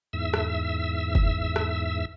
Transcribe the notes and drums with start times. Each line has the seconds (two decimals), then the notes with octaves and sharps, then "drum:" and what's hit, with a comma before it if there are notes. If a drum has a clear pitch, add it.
0.13 E2 G#2 E5 E6
0.34 drum: rim click
1.15 drum: kick
1.56 drum: rim click